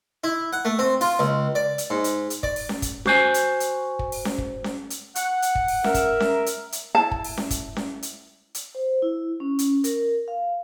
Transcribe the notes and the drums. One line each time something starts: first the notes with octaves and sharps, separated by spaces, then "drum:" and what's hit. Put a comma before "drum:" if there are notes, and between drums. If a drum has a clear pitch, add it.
E4
F#5
A3
C4
F4, drum: open hi-hat
C#2
D5
drum: hi-hat
G#2
drum: hi-hat
drum: hi-hat
D5, drum: kick
drum: open hi-hat
drum: snare C#4
drum: kick, hi-hat
F#4 C5 G#5, drum: snare C#4
drum: hi-hat
drum: hi-hat
drum: kick
drum: open hi-hat
drum: snare C#4
drum: kick
drum: snare C#4
drum: hi-hat
F#5, drum: hi-hat
drum: hi-hat
drum: kick
drum: open hi-hat
A#4 E5, drum: snare C#4
drum: kick, hi-hat
drum: snare C#4
drum: hi-hat
drum: hi-hat
E4 A5
drum: kick
drum: open hi-hat
drum: snare C#4
drum: kick, hi-hat
drum: snare C#4
drum: hi-hat
drum: hi-hat
C5
E4
C#4
drum: hi-hat
A#4, drum: hi-hat
F5